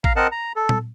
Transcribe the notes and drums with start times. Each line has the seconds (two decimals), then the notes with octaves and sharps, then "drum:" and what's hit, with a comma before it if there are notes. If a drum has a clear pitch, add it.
0.04 F5 A#5, drum: kick
0.16 C4 A#4 D#5 F#5 A5
0.32 A#5
0.56 A4
0.69 drum: tom A#2